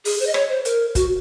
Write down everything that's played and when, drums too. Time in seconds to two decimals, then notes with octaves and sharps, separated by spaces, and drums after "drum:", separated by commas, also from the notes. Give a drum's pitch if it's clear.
0.05 G#4, drum: open hi-hat
0.20 C5
0.27 D#5
0.34 C#5, drum: rim click
0.49 C5
0.65 A#4, drum: hi-hat
0.95 F#4, drum: kick, hi-hat